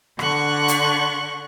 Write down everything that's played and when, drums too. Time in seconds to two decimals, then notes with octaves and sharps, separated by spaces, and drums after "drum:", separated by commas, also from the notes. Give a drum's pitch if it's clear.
0.19 D3 F#5 C#6 F#6, drum: rim click
0.68 drum: hi-hat